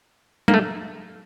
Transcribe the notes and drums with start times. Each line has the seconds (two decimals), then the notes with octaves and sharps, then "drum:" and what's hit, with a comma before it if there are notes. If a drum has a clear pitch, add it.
0.48 A#3, drum: tom G3
0.54 A3